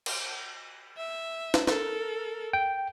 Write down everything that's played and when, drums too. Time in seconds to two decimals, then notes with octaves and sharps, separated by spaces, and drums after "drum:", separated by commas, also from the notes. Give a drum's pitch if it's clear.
0.06 drum: cymbal
0.97 E5
1.54 drum: snare
1.67 A4 A#4, drum: snare
2.53 G5